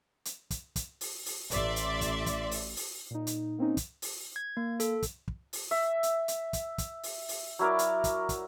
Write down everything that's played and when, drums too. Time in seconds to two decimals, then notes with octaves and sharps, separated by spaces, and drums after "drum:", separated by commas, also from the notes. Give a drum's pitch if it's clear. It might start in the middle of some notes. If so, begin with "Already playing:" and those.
0.25 drum: hi-hat
0.51 drum: kick, hi-hat
0.76 drum: kick, hi-hat
1.01 drum: open hi-hat
1.26 drum: open hi-hat
1.51 A1 D5 E5 C6, drum: hi-hat
1.76 drum: hi-hat
2.01 drum: kick, hi-hat
2.26 drum: kick, hi-hat
2.51 drum: open hi-hat
2.77 drum: open hi-hat
3.10 A#2 D#4
3.27 drum: hi-hat
3.58 A#3 C4 C#4 D#4
3.77 drum: kick, hi-hat
4.02 drum: open hi-hat
4.36 G#6
4.57 A#3
4.80 A4, drum: hi-hat
5.03 drum: kick, hi-hat
5.28 drum: kick
5.53 drum: open hi-hat
5.71 E5
6.03 drum: hi-hat
6.28 drum: hi-hat
6.53 drum: kick, hi-hat
6.78 drum: kick, hi-hat
7.03 drum: open hi-hat
7.29 drum: open hi-hat
7.59 F#3 E4 A#4 D5
7.79 drum: hi-hat
8.04 drum: kick, hi-hat
8.29 drum: kick, hi-hat